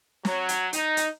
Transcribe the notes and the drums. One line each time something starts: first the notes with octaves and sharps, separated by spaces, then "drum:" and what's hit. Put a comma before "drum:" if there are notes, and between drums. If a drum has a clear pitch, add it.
F#3, drum: snare
drum: hi-hat
D#4, drum: hi-hat
drum: hi-hat